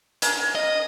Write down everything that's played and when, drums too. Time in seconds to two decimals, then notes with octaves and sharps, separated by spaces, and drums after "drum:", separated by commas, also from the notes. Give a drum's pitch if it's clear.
0.22 A#4 G#5, drum: hi-hat
0.55 D#5